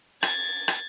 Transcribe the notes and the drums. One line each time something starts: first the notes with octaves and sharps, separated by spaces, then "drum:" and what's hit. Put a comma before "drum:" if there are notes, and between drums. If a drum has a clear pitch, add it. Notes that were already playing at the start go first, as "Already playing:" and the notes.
G#6 A6, drum: rim click
drum: rim click